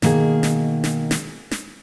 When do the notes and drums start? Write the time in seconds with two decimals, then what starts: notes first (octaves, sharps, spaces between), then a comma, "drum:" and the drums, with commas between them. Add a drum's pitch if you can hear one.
0.02 B2 D#3 A#3 D#4 G#4, drum: snare
0.43 drum: snare
0.84 drum: snare
1.11 drum: snare
1.51 drum: snare